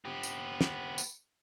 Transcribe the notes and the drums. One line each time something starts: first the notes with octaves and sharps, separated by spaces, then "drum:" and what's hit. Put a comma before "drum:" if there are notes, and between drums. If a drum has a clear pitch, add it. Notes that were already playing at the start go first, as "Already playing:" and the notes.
B3 G4
drum: tambourine
drum: snare
drum: tambourine